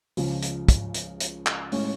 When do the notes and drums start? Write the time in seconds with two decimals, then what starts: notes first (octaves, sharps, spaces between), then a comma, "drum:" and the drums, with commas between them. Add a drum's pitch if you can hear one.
0.17 C#2 C#3 F3, drum: open hi-hat
0.43 drum: hi-hat
0.69 drum: kick, hi-hat
0.94 drum: hi-hat
1.20 drum: hi-hat
1.46 drum: clap
1.72 A2 G#3 C#4, drum: open hi-hat